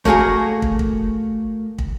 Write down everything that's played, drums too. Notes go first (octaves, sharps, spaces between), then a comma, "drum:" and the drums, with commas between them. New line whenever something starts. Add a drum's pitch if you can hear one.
A3 A#3 F#4 G#4 A#4, drum: kick
drum: kick
drum: kick
drum: kick